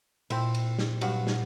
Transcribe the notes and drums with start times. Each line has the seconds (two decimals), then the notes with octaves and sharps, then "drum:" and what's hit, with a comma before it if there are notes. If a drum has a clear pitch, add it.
0.30 A#2 C4 E4, drum: cymbal
0.54 drum: cymbal
0.79 drum: snare
1.01 G2 F#3 F#5, drum: cymbal
1.27 drum: snare